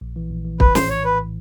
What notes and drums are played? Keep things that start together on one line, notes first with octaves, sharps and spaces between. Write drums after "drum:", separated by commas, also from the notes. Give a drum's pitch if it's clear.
A#1
E3
A#1
E3
E3 B4, drum: kick
A2 C5, drum: snare
A#1 C#5
A#1 B4
A2